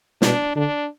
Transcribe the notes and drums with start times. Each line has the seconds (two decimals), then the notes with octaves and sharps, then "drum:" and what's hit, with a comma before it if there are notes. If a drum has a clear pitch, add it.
0.22 B2 D4, drum: snare
0.55 D3 D4